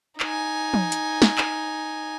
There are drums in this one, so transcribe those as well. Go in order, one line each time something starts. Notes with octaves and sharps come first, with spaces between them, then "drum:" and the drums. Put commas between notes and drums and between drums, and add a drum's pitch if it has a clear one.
D#4 G#5, drum: clap
drum: tom
drum: hi-hat
drum: snare
drum: clap